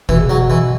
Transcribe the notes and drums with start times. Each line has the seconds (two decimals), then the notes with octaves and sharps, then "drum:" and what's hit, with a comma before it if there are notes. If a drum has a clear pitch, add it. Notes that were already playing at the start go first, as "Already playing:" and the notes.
0.09 B2 E3, drum: kick F#1
0.19 C#3
0.30 B2 F#3
0.50 E3